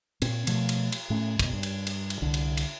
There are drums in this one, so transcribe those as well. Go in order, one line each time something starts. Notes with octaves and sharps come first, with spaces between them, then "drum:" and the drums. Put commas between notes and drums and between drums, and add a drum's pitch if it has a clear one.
A#2 C4, drum: cymbal
B2 F3 A3, drum: cymbal
drum: cymbal
drum: cymbal
A2 A3 C#4
A#1 G#2 B2, drum: kick, cymbal
G2
drum: cymbal
drum: cymbal
drum: cymbal
C2 D3
drum: cymbal
drum: cymbal